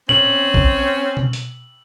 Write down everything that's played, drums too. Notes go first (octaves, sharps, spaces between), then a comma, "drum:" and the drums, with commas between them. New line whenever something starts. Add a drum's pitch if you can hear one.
C4 C#4 F#7, drum: tom A2
drum: kick
drum: tom B2
drum: hi-hat